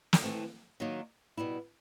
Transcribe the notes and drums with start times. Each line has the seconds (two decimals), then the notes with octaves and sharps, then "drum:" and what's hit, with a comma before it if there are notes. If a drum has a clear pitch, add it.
0.13 drum: snare
0.22 E3 A3 C4
0.80 D#3 F#3 A#3 D#4
1.37 B2 G3 B3 E4